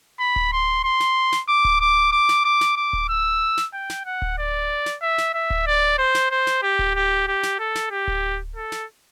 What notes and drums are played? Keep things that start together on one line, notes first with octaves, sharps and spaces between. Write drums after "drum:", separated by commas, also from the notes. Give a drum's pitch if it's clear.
B5
drum: kick D1
C6
C6
drum: snare
drum: snare
D6
drum: kick D1
D6
D6
drum: snare
D6
drum: snare
D6
drum: kick D1
E6
drum: snare
G5
drum: snare
F#5
drum: kick D1
D5
drum: snare
E5
drum: snare
E5
drum: kick D1
D5
C5
drum: snare
C5
drum: snare
G4
drum: kick D1
G4
G4
drum: snare
A4
drum: snare
G4
drum: kick D1
A4
drum: snare